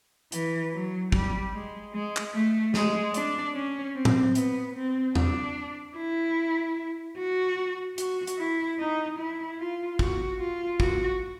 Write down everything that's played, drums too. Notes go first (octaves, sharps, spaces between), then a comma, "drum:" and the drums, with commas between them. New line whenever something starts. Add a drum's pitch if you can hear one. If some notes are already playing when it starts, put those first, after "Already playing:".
E3, drum: hi-hat
F#3
G3, drum: kick
G#3
G#3
drum: clap
A3
G#3, drum: snare
D4, drum: hi-hat
C#4
C4
drum: tom A2
B3, drum: hi-hat
C4
D4, drum: tom E2
E4
F#4
F#4, drum: hi-hat
drum: hi-hat
E4
D#4
E4
F4
F#4, drum: kick
F4
F#4, drum: kick